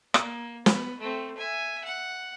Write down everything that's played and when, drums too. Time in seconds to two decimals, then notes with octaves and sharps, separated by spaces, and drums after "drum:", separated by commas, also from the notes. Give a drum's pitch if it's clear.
0.14 A#3, drum: rim click
0.66 B3, drum: snare
0.99 A3 C4
1.38 E5 G#5
1.84 F#5